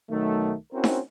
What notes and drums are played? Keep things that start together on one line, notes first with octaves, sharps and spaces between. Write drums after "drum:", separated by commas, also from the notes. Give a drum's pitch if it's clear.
B1 D#3 F#3 A3
C4 C#4 E4 F#4 A#4 C5
drum: snare D#4